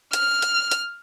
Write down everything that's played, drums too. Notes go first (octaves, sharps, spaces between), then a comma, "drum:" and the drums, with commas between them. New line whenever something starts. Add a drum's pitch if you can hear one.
F6, drum: hi-hat
drum: hi-hat
drum: hi-hat